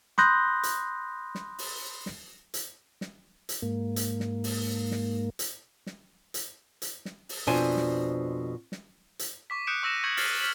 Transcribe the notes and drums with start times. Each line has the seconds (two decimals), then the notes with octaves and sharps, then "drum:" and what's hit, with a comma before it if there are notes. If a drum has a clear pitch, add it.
0.18 B5 C6 D#6 F#6 G6 A#6, drum: snare
0.63 drum: hi-hat
1.35 drum: snare
1.59 drum: open hi-hat
2.06 drum: snare
2.54 drum: hi-hat
3.01 drum: snare
3.49 drum: hi-hat
3.62 G#2 A#3
3.96 drum: hi-hat
4.20 drum: snare
4.44 drum: open hi-hat
4.91 drum: snare
5.39 drum: hi-hat
5.87 drum: snare
6.34 drum: hi-hat
6.82 drum: hi-hat
7.05 drum: snare
7.29 drum: open hi-hat
7.47 F2 B2 D4 C5 G#5
7.77 drum: snare
8.72 drum: snare
9.19 drum: hi-hat
9.50 C#6 D6 B6
9.67 D#6 F#6 G6 C#7 D7 E7
9.83 C#6 E6 A#6 D#7 E7
10.04 C#6 G6 G#6 C#7 D#7 F#7
10.17 F6 A6 B6 C7, drum: open hi-hat
10.40 F6 B6 F#7